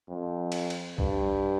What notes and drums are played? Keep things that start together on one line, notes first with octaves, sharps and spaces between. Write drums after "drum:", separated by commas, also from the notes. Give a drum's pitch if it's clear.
F2
drum: cymbal
drum: cymbal
G2, drum: kick B1